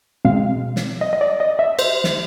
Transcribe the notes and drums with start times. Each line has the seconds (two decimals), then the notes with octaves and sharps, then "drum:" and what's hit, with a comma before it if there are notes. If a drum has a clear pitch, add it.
0.25 B2 G#3 C4 F5
0.76 drum: snare
1.01 D#5
1.13 D#5
1.21 D5
1.40 D#5
1.59 E5
1.79 C5, drum: cymbal
2.04 drum: snare